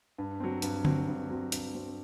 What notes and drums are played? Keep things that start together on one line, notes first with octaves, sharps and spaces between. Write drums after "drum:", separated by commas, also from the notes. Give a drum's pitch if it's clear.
G2
F#3 C4
G2, drum: hi-hat
F#3 C4, drum: tom D3
G2
F#3 C4
G2, drum: hi-hat
F#3 C4